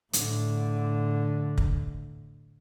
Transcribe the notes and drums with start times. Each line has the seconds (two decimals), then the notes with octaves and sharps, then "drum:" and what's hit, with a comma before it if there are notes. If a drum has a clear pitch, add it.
0.13 A2 D3, drum: hi-hat
1.58 drum: kick